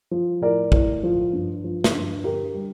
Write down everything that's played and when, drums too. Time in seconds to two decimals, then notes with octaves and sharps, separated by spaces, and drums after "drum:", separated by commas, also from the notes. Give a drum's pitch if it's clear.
0.11 F3
0.41 A2 A#4 D5
0.72 A2, drum: kick
1.03 F3
1.33 G2
1.64 F3
1.84 drum: snare
1.94 G2
2.24 D3 G4 A#4
2.55 G3